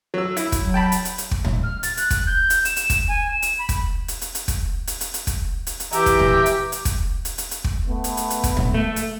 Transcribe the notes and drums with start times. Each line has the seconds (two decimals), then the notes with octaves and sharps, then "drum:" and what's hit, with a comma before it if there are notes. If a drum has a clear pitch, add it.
0.14 F#3 E6
0.37 E4, drum: hi-hat
0.52 drum: kick, hi-hat
0.62 F#3
0.74 G5 A5 B5
0.92 drum: hi-hat
1.05 drum: hi-hat
1.18 drum: hi-hat
1.31 drum: kick
1.45 drum: tom
1.63 F6
1.83 A6, drum: hi-hat
1.97 F#6, drum: hi-hat
2.10 drum: kick, hi-hat
2.27 G6
2.50 drum: hi-hat
2.65 E7, drum: hi-hat
2.76 drum: hi-hat
2.90 drum: kick, hi-hat
3.08 G#5
3.31 E7
3.42 drum: hi-hat
3.59 B5
3.69 drum: kick, hi-hat
4.08 drum: hi-hat
4.22 drum: hi-hat
4.35 drum: hi-hat
4.48 drum: kick, hi-hat
4.87 drum: hi-hat
5.01 drum: hi-hat
5.14 drum: hi-hat
5.27 drum: kick, hi-hat
5.67 drum: hi-hat
5.80 drum: hi-hat
5.93 E3 G4 E5 A#5, drum: hi-hat
6.06 drum: kick, hi-hat
6.19 drum: tom
6.46 drum: hi-hat
6.72 drum: hi-hat
6.85 drum: kick, hi-hat
7.25 drum: hi-hat
7.38 drum: hi-hat
7.51 drum: hi-hat
7.64 drum: kick
7.87 A3 B3
8.04 drum: hi-hat
8.17 drum: hi-hat
8.30 drum: hi-hat
8.44 drum: kick, hi-hat
8.57 drum: tom
8.74 A3
8.96 drum: hi-hat